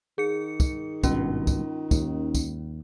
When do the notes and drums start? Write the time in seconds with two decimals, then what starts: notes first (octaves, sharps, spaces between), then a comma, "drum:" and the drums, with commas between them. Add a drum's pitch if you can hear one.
0.18 D#3 G#4 C#7
0.60 drum: kick, tambourine
1.03 G#1 G2 B2 C#4 F4, drum: kick, tambourine
1.47 drum: kick, tambourine
1.91 D#2, drum: kick, tambourine
2.35 drum: kick, tambourine